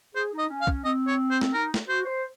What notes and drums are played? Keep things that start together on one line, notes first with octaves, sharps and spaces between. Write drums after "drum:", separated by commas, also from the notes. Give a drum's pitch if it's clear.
G#4 C5
D#4
D#5
C#4
F5
C#4, drum: kick
C4 D#5
C#5
C5
drum: snare
D#4 A#4
drum: snare
F#4 C5
C5